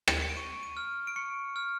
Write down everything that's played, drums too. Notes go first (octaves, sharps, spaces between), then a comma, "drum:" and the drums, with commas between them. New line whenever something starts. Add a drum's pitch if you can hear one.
drum: rim click
C#7
D7
C#6 D#7
D#7
F6
D7
C#6 C#7
F6